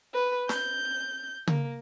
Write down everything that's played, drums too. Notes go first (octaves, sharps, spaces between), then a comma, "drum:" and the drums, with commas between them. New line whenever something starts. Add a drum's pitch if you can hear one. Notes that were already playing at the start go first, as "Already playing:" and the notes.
B4
G6, drum: snare
A#3, drum: tom C#3